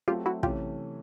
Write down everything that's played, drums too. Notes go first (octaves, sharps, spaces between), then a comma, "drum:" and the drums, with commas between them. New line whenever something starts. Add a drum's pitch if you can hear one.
F#3 A3 C4 F4 G4
E4 F#4
C3 E3 A3 C#4 F4 G4, drum: kick